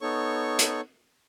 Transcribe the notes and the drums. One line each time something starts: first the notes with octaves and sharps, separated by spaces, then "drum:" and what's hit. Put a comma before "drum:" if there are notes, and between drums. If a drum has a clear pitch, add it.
B3 D#4 A4 C#5 C#6
drum: hi-hat